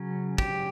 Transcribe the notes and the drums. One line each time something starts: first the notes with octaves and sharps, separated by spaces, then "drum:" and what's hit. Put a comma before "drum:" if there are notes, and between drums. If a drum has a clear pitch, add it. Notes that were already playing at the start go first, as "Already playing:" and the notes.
Already playing: C#3 F#3 C#4
G4, drum: kick